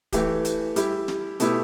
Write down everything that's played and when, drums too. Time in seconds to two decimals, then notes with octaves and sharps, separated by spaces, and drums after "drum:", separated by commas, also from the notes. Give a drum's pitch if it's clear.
0.12 E3 A3 G4, drum: kick D1, hi-hat
0.45 drum: hi-hat
0.76 G3 E4 G4, drum: hi-hat
1.08 drum: snare
1.40 B2 A3 E4 G4, drum: hi-hat